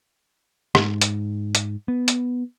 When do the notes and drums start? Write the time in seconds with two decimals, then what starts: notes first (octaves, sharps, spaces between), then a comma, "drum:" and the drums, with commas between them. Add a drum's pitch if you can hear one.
0.75 G#2, drum: rim click
1.01 drum: hi-hat
1.55 drum: hi-hat
1.88 B3
2.08 drum: hi-hat